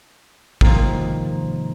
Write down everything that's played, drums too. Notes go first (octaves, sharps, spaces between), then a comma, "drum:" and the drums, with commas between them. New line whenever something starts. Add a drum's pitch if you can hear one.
G#2 C3 D#3 F3 A#3, drum: kick